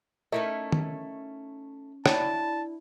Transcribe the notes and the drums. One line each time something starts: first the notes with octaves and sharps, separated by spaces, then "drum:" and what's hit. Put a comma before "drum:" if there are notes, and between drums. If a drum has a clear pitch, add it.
A3 C#4 D#4 E4 A#4
drum: tom D#3
D4 E4 C#5 A5, drum: rim click